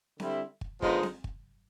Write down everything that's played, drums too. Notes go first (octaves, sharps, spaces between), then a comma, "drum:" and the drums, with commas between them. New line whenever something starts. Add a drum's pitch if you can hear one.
D3 G3 C4 E4, drum: snare C4
drum: kick
D3 F3 G#3 B3 D#4, drum: kick
drum: snare C4
drum: kick